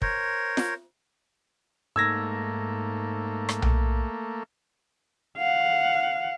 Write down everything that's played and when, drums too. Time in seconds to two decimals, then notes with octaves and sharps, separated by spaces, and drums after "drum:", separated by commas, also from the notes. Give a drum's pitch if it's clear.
0.02 A#4 C5 C#5, drum: kick
0.57 drum: snare F4
1.96 G#2 A3 A#3 E6 G#6 A#6
3.49 drum: rim click
3.62 drum: tom B1
5.37 F5 F#5